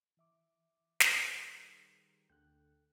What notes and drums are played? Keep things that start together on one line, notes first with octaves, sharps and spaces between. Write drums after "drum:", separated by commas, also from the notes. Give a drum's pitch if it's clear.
E3 E5 D6
D#3 G3 G4 G#4 B4 C5 D5, drum: snare
D2 D3 A4 G5 F#6 G6